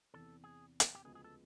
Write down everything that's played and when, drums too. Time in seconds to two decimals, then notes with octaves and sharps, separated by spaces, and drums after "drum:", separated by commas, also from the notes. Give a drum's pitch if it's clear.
0.14 E2 C3 E3 A4
0.44 G#4
0.80 drum: hi-hat
0.95 G4
1.04 D2 C#3 F3 G#3 B3 G#4
1.15 G#4
1.24 A4